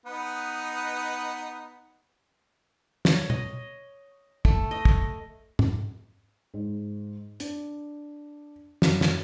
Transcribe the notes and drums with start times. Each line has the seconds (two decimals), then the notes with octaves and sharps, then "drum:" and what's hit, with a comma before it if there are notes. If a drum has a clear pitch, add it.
0.06 B3 D#4 B4
3.05 C#5, drum: snare
3.30 D#5, drum: tom
4.45 A3, drum: kick
4.71 D#5
4.85 drum: kick
5.59 drum: tom
6.54 G#2
7.40 D4, drum: hi-hat
8.82 F#2, drum: snare
9.01 drum: snare